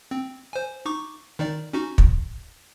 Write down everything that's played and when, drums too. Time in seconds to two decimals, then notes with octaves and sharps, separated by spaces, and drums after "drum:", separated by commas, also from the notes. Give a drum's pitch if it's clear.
0.11 C4
0.53 C5 G#5
0.86 D#4 C#6 D6
1.39 D#3 D#4 D5
1.73 C#4 D#4 F#4
1.98 drum: kick